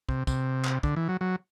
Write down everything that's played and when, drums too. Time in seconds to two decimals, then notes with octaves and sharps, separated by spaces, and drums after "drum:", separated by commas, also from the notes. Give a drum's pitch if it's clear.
0.09 C3, drum: kick
0.27 C3, drum: kick, tambourine
0.65 drum: clap
0.83 D3, drum: kick
0.96 E3
1.09 F#3
1.21 F#3